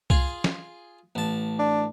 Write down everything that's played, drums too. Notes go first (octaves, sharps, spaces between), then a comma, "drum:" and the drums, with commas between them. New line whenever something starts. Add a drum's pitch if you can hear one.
F4 G#4, drum: kick C2
drum: snare
A1 A5
D4